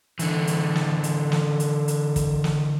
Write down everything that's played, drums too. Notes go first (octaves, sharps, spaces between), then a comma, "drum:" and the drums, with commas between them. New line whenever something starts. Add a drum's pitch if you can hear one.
D3 E3, drum: hi-hat
drum: hi-hat
drum: snare
drum: hi-hat
drum: snare
drum: hi-hat
drum: hi-hat
drum: kick, hi-hat
drum: snare